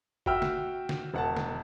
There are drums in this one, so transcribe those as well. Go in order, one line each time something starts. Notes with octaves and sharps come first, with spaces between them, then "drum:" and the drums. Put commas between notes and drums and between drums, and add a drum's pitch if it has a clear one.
F#4 E5 G5 E6 F6, drum: kick F#1
drum: snare
drum: snare
E1 F#5 A5
drum: snare